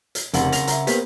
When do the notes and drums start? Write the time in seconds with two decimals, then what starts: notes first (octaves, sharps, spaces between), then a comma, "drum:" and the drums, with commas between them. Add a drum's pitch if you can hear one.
0.15 drum: hi-hat
0.34 F1 C#3 A#4 F#5, drum: hi-hat
0.52 A#6 F7, drum: hi-hat
0.67 E5 A#5, drum: hi-hat
0.87 A#3 B3 G4 B4 C5, drum: hi-hat